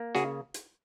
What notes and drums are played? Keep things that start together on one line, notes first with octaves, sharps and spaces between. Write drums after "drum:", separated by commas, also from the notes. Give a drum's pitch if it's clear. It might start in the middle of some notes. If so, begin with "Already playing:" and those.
Already playing: A#3
C#3 F#4 G#4, drum: snare
drum: hi-hat